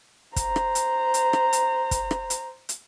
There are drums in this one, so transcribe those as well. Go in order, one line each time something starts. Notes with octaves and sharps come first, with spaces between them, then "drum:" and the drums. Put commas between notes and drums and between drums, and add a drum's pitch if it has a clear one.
C5 A#5, drum: kick, hi-hat
drum: rim click
drum: hi-hat
drum: hi-hat
drum: rim click
drum: hi-hat
drum: kick, hi-hat
drum: rim click
drum: hi-hat
drum: hi-hat